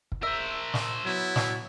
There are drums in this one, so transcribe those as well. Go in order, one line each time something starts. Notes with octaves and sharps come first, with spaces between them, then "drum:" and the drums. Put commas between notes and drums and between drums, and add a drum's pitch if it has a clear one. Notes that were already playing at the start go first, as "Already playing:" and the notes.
drum: kick
A#4 C5 E5
drum: snare
F#3 B3 E4
drum: snare